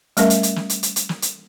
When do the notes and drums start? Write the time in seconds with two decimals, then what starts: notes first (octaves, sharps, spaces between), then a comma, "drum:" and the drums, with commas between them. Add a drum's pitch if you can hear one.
0.17 G3 A3 C#4 A#4 E5, drum: hi-hat
0.30 drum: hi-hat
0.43 drum: hi-hat
0.56 drum: snare
0.70 drum: hi-hat
0.83 drum: hi-hat
0.96 drum: hi-hat
1.09 drum: snare
1.22 drum: hi-hat